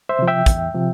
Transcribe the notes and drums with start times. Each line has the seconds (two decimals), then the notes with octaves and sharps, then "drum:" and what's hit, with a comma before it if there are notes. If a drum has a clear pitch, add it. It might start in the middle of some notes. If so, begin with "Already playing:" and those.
0.09 C5 E5
0.19 C3 F3
0.28 E5 G5
0.46 E2, drum: kick, hi-hat
0.74 C3 F3